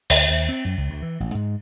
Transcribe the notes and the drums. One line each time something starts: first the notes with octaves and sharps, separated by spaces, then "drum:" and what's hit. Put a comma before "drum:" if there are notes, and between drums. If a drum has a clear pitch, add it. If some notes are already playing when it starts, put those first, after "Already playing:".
D2, drum: cymbal
D#2
C4
F#2
C#2
D2
E3
A1
G#2